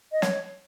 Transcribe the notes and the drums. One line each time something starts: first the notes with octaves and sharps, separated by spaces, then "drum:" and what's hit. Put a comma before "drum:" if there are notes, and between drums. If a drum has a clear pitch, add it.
D#5
C#5, drum: snare